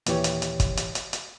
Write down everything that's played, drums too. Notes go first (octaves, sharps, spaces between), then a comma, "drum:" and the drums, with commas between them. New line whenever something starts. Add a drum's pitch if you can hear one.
D#2 A#2 E3 G4 C#5, drum: hi-hat
drum: hi-hat
drum: hi-hat
drum: kick, hi-hat
drum: hi-hat
drum: hi-hat
drum: hi-hat